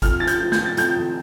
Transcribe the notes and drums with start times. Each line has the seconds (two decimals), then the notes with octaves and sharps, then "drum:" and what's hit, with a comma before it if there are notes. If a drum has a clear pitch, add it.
0.02 F2 F6, drum: kick G#1, hi-hat
0.20 F3 A6
0.27 G6, drum: hi-hat
0.40 F3
0.52 G6, drum: snare
0.59 F3
0.66 A6
0.77 F2 G6, drum: hi-hat
0.96 F2